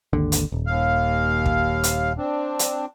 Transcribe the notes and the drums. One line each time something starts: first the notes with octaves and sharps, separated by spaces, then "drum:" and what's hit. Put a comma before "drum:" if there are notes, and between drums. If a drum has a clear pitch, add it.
G#1 D#2 D3
drum: hi-hat
D#1
D#2 F5
drum: kick
drum: hi-hat
C4 D4
drum: hi-hat